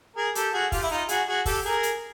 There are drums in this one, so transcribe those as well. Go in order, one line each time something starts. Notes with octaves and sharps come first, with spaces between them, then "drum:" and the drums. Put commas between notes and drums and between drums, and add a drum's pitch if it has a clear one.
G#4 A#4
G4 A4, drum: hi-hat
F#4 G#4
F4 G4, drum: kick, open hi-hat
E4
D#4 F4
F#4 G#4, drum: hi-hat
F#4 G#4
G4 A4, drum: kick, open hi-hat
G#4 A#4
drum: hi-hat